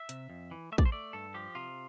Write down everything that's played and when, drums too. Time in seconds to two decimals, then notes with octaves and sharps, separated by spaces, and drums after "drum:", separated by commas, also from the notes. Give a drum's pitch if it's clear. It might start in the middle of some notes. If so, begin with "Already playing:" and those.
Already playing: E5
0.09 C3, drum: hi-hat
0.30 F2
0.51 E3
0.72 A3 E5
0.78 D5, drum: kick
0.85 C5
0.92 A3 D5
1.13 G2 A4
1.34 F3 G4
1.55 C3 F4